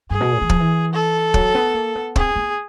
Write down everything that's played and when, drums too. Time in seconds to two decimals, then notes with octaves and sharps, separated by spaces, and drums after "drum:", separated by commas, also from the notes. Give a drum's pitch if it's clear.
0.10 G2 G#4
0.20 B2
0.32 A#2
0.42 E3
0.49 F3, drum: kick
0.59 E3
0.93 A4
1.34 F#3, drum: kick
1.55 B3
1.74 A#3
1.96 B3
2.16 C4 G#4, drum: kick
2.36 B3